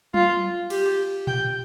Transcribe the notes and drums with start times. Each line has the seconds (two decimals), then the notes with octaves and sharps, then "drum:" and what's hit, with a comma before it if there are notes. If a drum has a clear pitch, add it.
0.14 F4, drum: tom F#3
0.70 G4, drum: cymbal
1.27 G5, drum: tom A#2